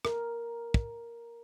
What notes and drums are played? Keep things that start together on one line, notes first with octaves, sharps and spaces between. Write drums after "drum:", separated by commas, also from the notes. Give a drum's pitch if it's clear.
A#4, drum: rim click
drum: kick